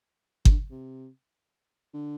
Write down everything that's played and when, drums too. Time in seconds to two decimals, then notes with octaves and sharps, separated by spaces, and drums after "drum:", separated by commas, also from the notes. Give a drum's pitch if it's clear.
0.45 C3, drum: kick G1
0.50 D3
0.70 C3
1.94 D3